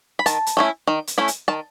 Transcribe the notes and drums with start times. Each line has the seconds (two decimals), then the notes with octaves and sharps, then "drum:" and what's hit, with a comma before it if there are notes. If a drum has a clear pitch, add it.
0.19 B5
0.26 D#3 A5, drum: hi-hat
0.46 drum: hi-hat
0.57 A3 C#4 E4
0.87 D#3
1.07 drum: hi-hat
1.18 A3 C#4 E4
1.28 drum: hi-hat
1.48 D#3 A5